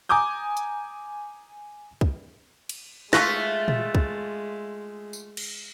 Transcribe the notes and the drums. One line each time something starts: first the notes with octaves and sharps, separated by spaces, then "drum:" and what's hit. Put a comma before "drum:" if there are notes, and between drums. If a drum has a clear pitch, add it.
G#5 A#5 D6 D#6 G6
drum: hi-hat
drum: kick
drum: cymbal
G#3 A3 F4 E5 C#6 F#6 A#6, drum: snare
drum: tom A#2
drum: kick
drum: tambourine
drum: cymbal